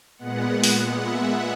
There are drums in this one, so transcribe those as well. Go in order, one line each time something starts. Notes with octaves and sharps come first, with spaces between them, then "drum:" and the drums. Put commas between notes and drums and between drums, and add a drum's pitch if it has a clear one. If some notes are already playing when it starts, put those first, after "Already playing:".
A#2 G#3 B3 F#5
drum: open hi-hat
E5